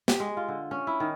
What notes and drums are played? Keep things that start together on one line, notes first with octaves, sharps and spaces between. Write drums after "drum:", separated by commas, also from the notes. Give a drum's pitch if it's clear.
G4, drum: snare
G#3
F4
D3
C#4
E4
D#3